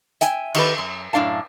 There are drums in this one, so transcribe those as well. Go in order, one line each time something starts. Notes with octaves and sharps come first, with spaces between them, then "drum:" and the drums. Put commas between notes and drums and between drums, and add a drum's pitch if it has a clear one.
E5 G5 G#5, drum: hi-hat
D#3 G4 A4 B4, drum: cymbal
F#2
F#2 A2 D4 F5 A5